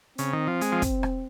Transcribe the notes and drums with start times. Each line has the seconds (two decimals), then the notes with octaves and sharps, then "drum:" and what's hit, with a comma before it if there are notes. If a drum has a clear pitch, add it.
0.18 C#3 C4, drum: hi-hat
0.33 D#3
0.47 F3
0.61 G#3, drum: hi-hat
0.72 F3
0.82 drum: kick, hi-hat
1.03 drum: rim click